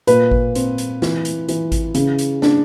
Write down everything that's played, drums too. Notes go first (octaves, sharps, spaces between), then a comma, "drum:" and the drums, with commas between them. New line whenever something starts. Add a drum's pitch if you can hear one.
A#2 B4, drum: hi-hat
drum: kick G#1
C4, drum: hi-hat
drum: hi-hat
E3, drum: snare
drum: hi-hat
E3, drum: hi-hat
drum: kick G#1, hi-hat
C#3, drum: hi-hat
drum: hi-hat
D4, drum: snare